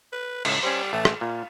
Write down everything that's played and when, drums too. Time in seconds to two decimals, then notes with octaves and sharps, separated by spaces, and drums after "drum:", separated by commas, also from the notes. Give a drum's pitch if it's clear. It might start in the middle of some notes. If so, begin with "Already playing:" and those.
0.12 B4
0.45 C#2 A2, drum: cymbal
0.63 G3 C#4 C5
0.93 A1 A3
1.05 drum: rim click
1.21 A#2 F4